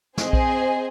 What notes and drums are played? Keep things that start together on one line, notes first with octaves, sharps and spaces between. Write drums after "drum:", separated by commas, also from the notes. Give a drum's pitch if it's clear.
C4 G#4 C5 D#5 G#5, drum: snare
drum: kick A#1